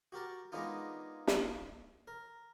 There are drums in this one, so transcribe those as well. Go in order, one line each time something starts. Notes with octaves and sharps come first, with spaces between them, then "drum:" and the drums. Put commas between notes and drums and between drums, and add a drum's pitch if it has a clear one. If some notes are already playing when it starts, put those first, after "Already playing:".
F#4 G4 A#4 A5
G#3 A#3 B3 D4 D#4 F4
drum: snare
A#4